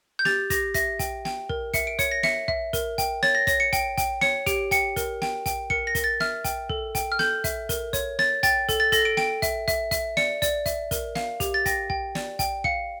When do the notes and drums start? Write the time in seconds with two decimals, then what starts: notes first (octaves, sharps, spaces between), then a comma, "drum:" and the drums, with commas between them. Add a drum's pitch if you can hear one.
0.19 G6
0.25 G4 A6, drum: snare
0.50 G4 A#6, drum: kick, hi-hat
0.74 E5 A#6, drum: kick, hi-hat
0.99 G5, drum: kick, hi-hat
1.25 G5, drum: snare
1.49 A#4, drum: kick
1.74 E5 C#7, drum: kick, hi-hat
1.87 D7
1.99 C#5 C#7, drum: kick, hi-hat
2.11 A#6
2.23 E5 C#7, drum: snare
2.48 E5, drum: kick
2.73 A#4, drum: kick, hi-hat
2.98 G5, drum: kick, hi-hat
3.23 C#5 A6, drum: snare
3.35 A#6
3.47 C#5 A#6, drum: kick, hi-hat
3.60 C#7
3.73 G5 D7, drum: kick, hi-hat
3.98 G5, drum: kick, hi-hat
4.21 C#5 C#7, drum: snare
4.46 G4 D7, drum: kick, hi-hat
4.71 G5 C#7, drum: kick, hi-hat
4.96 A#4, drum: kick, hi-hat
5.22 G5, drum: snare
5.46 G5, drum: kick, hi-hat
5.70 A#4 C#7, drum: kick
5.87 A#6
5.95 A#4, drum: kick, hi-hat
6.04 A6
6.20 E5 F6, drum: snare
6.44 G5, drum: kick, hi-hat
6.69 A4, drum: kick
6.95 G5, drum: kick, hi-hat
7.12 F6
7.19 A4 G6, drum: snare
7.44 E5, drum: kick, hi-hat
7.69 A#4, drum: kick, hi-hat
7.93 C#5, drum: kick, hi-hat
8.19 C#5 A6, drum: snare
8.43 G5 A6, drum: kick, hi-hat
8.69 A4, drum: kick, hi-hat
8.80 A6
8.92 A4 A#6, drum: kick, hi-hat
9.05 D7
9.17 G5 D7, drum: snare
9.42 E5, drum: kick, hi-hat
9.68 E5, drum: kick, hi-hat
9.91 E5, drum: kick, hi-hat
10.17 D5 C#7, drum: snare
10.42 D5, drum: kick, hi-hat
10.66 E5, drum: kick, hi-hat
10.91 A#4, drum: kick, hi-hat
11.15 F5, drum: snare
11.40 G4, drum: kick, hi-hat
11.54 A6
11.66 G5 A#6, drum: kick, hi-hat
11.90 G5, drum: kick
12.15 D5, drum: snare
12.39 G5, drum: kick, hi-hat
12.64 F5 C#7, drum: kick